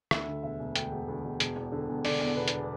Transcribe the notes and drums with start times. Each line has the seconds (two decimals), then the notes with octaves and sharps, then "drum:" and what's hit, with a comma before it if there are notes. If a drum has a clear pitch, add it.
0.11 D2 E5, drum: rim click
0.28 D3
0.43 E1 E5
0.60 E1
0.76 D2 G5, drum: hi-hat
0.92 E1
1.08 D2
1.24 E1
1.40 E1, drum: hi-hat
1.56 E2
1.72 D3
1.89 E1
2.05 D3 D5, drum: open hi-hat
2.21 E2
2.37 E1 B4
2.48 drum: hi-hat